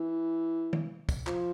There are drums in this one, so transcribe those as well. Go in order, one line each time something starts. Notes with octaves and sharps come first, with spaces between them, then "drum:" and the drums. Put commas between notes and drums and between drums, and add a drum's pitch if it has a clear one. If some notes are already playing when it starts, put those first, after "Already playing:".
Already playing: E3
drum: tom D#3
drum: kick, tambourine
F3, drum: clap